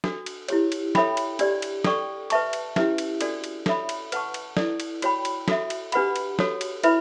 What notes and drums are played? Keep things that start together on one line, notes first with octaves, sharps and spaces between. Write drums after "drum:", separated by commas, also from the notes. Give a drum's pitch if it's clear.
D4 F#4 A4, drum: snare
drum: cymbal
E4 G4 C#5, drum: cymbal
drum: cymbal
A4 C#5 E5 G5 B5, drum: snare
drum: cymbal
D4 G4 D5, drum: cymbal
drum: cymbal
A4 D5 G5 C#6, drum: snare
B4 E5 A5 C#6, drum: cymbal
drum: cymbal
C#4 E4 G4 B4 E5, drum: snare
drum: cymbal
D4 F#4 A4 D5, drum: cymbal
drum: cymbal
A4 C#5 E5 B5, drum: snare
drum: cymbal
B4 F#5 A5 C#6, drum: cymbal
drum: cymbal
E4 A4 D5, drum: snare
drum: cymbal
F#4 C#5 G5 B5, drum: cymbal
drum: cymbal
F#4 A4 E5, drum: snare
drum: cymbal
D4 G4 B4 F#5 B5, drum: cymbal
drum: cymbal
F#4 A4 C#5, drum: snare
drum: cymbal
E4 B4 E5 B5, drum: cymbal